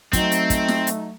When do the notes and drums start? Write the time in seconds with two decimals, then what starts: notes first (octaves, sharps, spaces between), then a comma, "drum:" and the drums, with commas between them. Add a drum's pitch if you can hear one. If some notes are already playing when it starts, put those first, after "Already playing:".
0.13 F#3 A3 C4 D#4, drum: kick, hi-hat
0.32 drum: hi-hat
0.50 drum: kick, hi-hat
0.68 drum: snare
0.87 drum: hi-hat